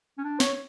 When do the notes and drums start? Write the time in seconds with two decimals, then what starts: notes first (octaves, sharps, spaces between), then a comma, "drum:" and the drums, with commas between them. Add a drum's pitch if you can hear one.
0.18 C#4
0.24 D4
0.40 C#5, drum: snare